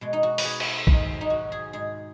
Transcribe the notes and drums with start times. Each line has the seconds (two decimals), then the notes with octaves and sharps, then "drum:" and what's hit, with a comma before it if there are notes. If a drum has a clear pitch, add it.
0.01 B2 G#3
0.13 D#4
0.23 F#4
0.38 B4, drum: open hi-hat
0.44 G#4
0.60 drum: cymbal
0.87 G#2 D#3 F#3, drum: kick
1.21 D#4
1.30 F#4
1.52 G#4
1.73 G#2 G#3 G#4